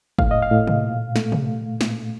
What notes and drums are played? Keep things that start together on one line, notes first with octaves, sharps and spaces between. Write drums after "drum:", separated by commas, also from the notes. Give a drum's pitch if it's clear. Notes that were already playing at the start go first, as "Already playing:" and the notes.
A2 F5, drum: kick
D#5
F5
A2
drum: tom C3
A#2
A3, drum: snare
drum: tom C3
drum: snare